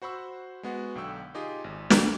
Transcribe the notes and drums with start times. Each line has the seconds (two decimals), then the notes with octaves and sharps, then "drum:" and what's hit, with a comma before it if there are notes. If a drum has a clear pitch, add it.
0.02 F#4 C5 B5 C#6 E6
0.63 G#3 B3 F#4
0.95 B1 D3 G5 C#6 E6
1.34 D#4 F4 G4 G#4 D#5
1.64 G#1
1.90 drum: snare